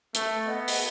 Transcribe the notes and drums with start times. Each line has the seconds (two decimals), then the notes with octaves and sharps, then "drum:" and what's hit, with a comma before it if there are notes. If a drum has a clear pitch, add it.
0.15 A3, drum: hi-hat
0.46 B3 D#5
0.68 drum: open hi-hat